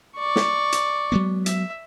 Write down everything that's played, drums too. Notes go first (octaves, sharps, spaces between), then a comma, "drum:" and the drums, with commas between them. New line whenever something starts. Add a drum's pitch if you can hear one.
D5 C#6
drum: snare
drum: hi-hat
F#3 G#3 B3
E5, drum: hi-hat